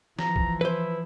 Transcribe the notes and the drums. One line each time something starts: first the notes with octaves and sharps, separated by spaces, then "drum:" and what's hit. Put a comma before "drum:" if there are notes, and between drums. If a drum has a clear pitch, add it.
E3 F3 A#5, drum: snare
drum: kick A#1
E4 B4 C5